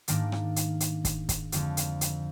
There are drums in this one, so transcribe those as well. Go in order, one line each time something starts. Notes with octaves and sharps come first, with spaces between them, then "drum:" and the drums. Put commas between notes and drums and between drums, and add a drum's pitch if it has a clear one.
G#2 D#3 A#3 D4, drum: hi-hat
drum: rim click
drum: hi-hat
drum: hi-hat
drum: kick, hi-hat
drum: kick, hi-hat
F2 D3 G#3, drum: hi-hat
drum: hi-hat
drum: hi-hat